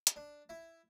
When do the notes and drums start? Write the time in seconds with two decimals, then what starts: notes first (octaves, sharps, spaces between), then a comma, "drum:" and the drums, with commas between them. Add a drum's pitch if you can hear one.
0.07 drum: hi-hat
0.16 D4
0.49 E4